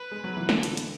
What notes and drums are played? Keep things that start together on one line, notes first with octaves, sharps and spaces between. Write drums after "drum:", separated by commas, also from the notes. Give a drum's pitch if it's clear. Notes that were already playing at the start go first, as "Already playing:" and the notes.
Already playing: B4
G#3
F#3
E3
D3 A4, drum: snare
drum: hi-hat
drum: hi-hat